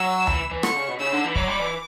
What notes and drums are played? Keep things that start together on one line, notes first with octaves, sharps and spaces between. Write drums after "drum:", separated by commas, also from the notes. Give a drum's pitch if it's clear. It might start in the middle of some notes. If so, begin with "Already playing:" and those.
Already playing: F#3 E6
E3, drum: tom D2
E3
D3 C#6, drum: rim click
C#3
B2
C#3 E6
D3
E3
F#3 D6, drum: kick
G3
E3